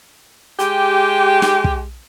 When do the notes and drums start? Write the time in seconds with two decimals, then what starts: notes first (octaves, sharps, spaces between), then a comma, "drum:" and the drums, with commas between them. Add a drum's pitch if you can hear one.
0.59 G#3 G4, drum: hi-hat
1.42 drum: snare
1.64 drum: kick